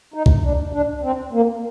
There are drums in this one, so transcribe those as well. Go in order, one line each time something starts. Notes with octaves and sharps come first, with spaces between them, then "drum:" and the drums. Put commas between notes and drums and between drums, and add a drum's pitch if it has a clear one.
D#4
drum: kick
D4
D4
C4
A#3